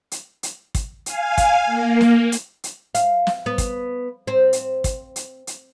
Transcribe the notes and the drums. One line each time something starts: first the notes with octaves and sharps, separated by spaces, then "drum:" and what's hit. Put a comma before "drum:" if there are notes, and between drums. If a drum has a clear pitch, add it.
drum: hi-hat
drum: hi-hat
drum: kick, hi-hat
F5 G#5, drum: hi-hat
drum: kick, hi-hat
A#3
drum: snare
drum: hi-hat
drum: hi-hat
F5, drum: hi-hat
drum: snare
B3
drum: kick, hi-hat
C4
drum: hi-hat
drum: kick, hi-hat
drum: hi-hat
drum: hi-hat